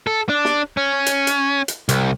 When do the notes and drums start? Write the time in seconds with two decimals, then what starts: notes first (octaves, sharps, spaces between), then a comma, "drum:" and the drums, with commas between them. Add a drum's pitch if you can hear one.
0.07 A4
0.29 D4
0.45 drum: snare
0.77 C#4
1.06 drum: hi-hat
1.27 drum: hi-hat
1.68 drum: hi-hat
1.89 C2, drum: hi-hat